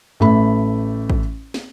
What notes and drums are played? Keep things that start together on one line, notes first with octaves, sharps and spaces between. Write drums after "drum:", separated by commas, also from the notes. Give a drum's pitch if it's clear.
A1 A3 E5 B5
drum: kick
drum: snare